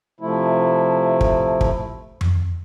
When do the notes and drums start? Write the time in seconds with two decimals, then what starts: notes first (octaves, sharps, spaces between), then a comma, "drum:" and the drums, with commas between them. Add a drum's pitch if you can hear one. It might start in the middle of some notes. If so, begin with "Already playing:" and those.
0.21 C3 F3 A3 E4
1.21 drum: kick
1.61 drum: kick
2.21 drum: tom F2